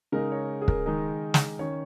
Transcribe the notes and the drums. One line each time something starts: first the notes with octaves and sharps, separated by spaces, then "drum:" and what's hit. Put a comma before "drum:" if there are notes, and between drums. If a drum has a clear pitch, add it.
C#3 G#3 D#4 A#4
C#5
G#4
A#4, drum: kick
D#3 G#3 D#4
drum: snare
D#3 C#4 C#5